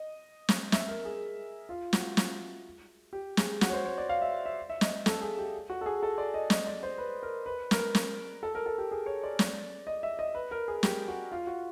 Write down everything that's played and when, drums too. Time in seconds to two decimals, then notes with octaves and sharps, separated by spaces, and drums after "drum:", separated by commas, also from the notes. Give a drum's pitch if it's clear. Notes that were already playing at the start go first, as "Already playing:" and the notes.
Already playing: D#5
0.49 drum: snare
0.72 E5, drum: snare
0.88 A#4
1.05 G#4
1.69 F4
1.93 F#4, drum: snare
2.17 drum: snare
3.13 G4
3.37 G#4, drum: snare
3.61 F#4, drum: snare
3.69 C#5
3.73 C5
3.86 C#5
3.98 D5
4.09 F5
4.22 E5
4.46 E5
4.70 E5
4.81 D#5, drum: snare
5.06 A4, drum: snare
5.21 G#4
5.38 G4
5.70 F#4
5.81 A4
5.86 G#4
6.03 A4
6.18 D5
6.34 D#5
6.50 D#5, drum: snare
6.66 D5
6.83 C5
6.98 B4
7.23 A#4
7.46 B4
7.71 A#4, drum: snare
7.95 drum: snare
8.43 A4
8.55 A#4
8.66 A4
8.78 G4
8.91 G#4
9.06 C#5
9.23 D5
9.39 drum: snare
9.87 D#5
10.03 E5
10.19 D#5
10.35 B4
10.51 A#4
10.68 G#4
10.83 G4, drum: snare
11.08 F#4
11.32 F4
11.47 F#4